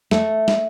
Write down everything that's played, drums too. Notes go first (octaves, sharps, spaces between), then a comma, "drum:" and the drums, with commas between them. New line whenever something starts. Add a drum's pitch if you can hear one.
A3, drum: snare
drum: snare